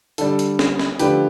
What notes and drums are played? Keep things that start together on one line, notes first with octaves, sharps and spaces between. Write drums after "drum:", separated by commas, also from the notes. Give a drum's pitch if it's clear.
D3 G3 D4 A4, drum: hi-hat
drum: hi-hat
drum: snare
drum: snare
D3 F3 A3 D4 G4 B4, drum: hi-hat